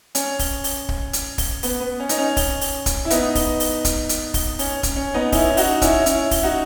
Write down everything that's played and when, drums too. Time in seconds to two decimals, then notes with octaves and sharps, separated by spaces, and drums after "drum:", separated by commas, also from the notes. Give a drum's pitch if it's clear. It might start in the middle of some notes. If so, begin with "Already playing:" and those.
0.15 C#4, drum: hi-hat
0.39 drum: kick D1, open hi-hat
0.64 drum: open hi-hat
0.89 drum: kick D1
1.13 drum: hi-hat
1.38 drum: kick D1, open hi-hat
1.63 B3, drum: open hi-hat
1.81 B3
2.00 C#4
2.09 D#4, drum: hi-hat
2.18 C#4
2.37 drum: kick D1, open hi-hat
2.61 drum: open hi-hat
2.86 drum: kick D1, hi-hat
3.05 E4
3.10 B3 D#4, drum: hi-hat
3.35 drum: kick D1, open hi-hat
3.60 drum: open hi-hat
3.85 drum: kick D1, hi-hat
4.09 drum: hi-hat
4.34 drum: kick D1, open hi-hat
4.59 C#4, drum: open hi-hat
4.83 drum: kick D1, hi-hat
4.96 C#4
5.14 B3 D#4
5.32 C#4 E4, drum: kick D1, open hi-hat
5.50 E4
5.57 D#4 F#4, drum: open hi-hat
5.82 C#4 E4, drum: kick D1, hi-hat
6.06 C#4 E4, drum: hi-hat
6.31 drum: kick D1, open hi-hat
6.43 D#4 F#4